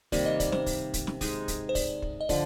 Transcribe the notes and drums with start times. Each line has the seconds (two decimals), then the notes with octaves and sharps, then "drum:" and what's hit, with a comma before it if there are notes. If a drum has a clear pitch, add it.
0.12 C3 D#3 G3 A#3 D5, drum: kick, open hi-hat
0.26 D#5
0.40 D5, drum: kick, hi-hat
0.52 C5, drum: snare
0.66 drum: kick, open hi-hat
0.94 drum: kick, hi-hat
1.07 drum: snare
1.21 G#3 D#4 G#4, drum: kick, open hi-hat
1.48 drum: kick, hi-hat
1.69 C5
1.75 D5, drum: kick, open hi-hat
2.02 drum: kick
2.21 D#5
2.29 D3 F3 D5, drum: kick, open hi-hat